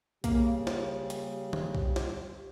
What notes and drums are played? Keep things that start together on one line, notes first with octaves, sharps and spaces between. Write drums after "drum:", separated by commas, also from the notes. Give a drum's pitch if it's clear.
C#3 G3 A#3, drum: kick B1, hi-hat
drum: snare
drum: hi-hat
drum: tom
drum: kick B1
drum: snare